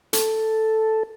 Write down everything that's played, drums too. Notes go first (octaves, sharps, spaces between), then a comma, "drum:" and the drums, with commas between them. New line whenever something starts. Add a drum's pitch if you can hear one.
A4, drum: hi-hat